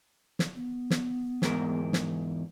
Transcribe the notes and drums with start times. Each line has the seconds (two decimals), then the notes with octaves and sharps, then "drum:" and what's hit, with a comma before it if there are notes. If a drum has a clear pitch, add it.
0.39 drum: snare
0.55 B3
0.90 drum: snare
1.42 E2 G#2 A#4, drum: snare
1.93 drum: snare